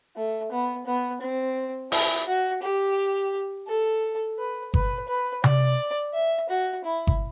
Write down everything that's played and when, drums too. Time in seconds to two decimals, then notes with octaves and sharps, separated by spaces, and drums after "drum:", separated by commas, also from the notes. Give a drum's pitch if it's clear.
0.16 A3
0.51 B3
0.87 B3
1.21 C4
1.92 E4, drum: open hi-hat
2.27 F#4
2.62 G4
3.67 A4
4.38 B4
4.74 B4, drum: kick G1
5.08 B4
5.44 D5, drum: tom C3
6.14 E5
6.49 F#4
6.84 E4
7.07 drum: kick G1